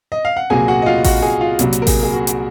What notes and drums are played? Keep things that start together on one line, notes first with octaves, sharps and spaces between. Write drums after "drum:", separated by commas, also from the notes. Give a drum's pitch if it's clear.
D#5
F5
F#5
C2 A#2 F#3 A#3 G#4 G#5
F#4 F#5
D#5
F4 F5
F#4 F#5, drum: kick A1, open hi-hat
G#4 G#5
F4 F5
C2 A#2 F#3, drum: hi-hat
drum: hi-hat
A#4
G#4, drum: kick A1, open hi-hat
G#4
F#4
drum: hi-hat